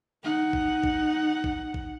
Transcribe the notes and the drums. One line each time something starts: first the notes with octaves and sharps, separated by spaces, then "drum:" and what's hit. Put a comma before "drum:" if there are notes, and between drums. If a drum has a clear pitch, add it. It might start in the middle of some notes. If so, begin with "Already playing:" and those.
D#4 F#5
drum: kick A1
drum: kick A1
drum: kick A1
drum: kick A1